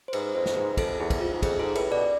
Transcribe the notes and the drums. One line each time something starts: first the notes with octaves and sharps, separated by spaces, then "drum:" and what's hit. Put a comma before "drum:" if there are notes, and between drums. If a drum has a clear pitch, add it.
C5
G#2 B4, drum: cymbal
F2 C5
drum: snare
G#2 B4
G#2
F2 A4, drum: kick, cymbal
E2 G#4
drum: kick, cymbal
F2 F4
G#2
F2 G#4, drum: kick, cymbal
G#2 A4
A2 B4, drum: cymbal
B2 D5